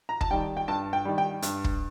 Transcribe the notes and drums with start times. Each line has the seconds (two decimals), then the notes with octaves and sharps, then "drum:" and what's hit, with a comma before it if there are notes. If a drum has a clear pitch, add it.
0.09 A#5
0.21 A5, drum: kick
0.31 D#3 G3 G5
0.57 G5
0.68 G2 A5
0.93 G5
1.05 D#3 G3
1.18 G5
1.42 G2, drum: hi-hat
1.64 drum: kick